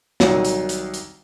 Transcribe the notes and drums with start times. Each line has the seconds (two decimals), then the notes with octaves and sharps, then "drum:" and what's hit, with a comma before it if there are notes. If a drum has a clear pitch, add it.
0.20 C2 D#3 F#3, drum: snare
0.45 drum: hi-hat
0.69 drum: hi-hat
0.94 drum: hi-hat